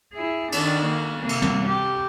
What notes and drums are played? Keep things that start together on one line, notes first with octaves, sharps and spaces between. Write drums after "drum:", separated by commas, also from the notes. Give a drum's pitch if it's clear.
E4 G#4
D#3 D4, drum: cymbal
A#3
C3 A#3
drum: cymbal
drum: tom
G4